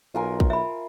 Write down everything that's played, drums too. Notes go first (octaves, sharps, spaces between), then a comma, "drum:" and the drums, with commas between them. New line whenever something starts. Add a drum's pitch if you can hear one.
B1 F4 A#4 G#5
drum: kick
E5 B5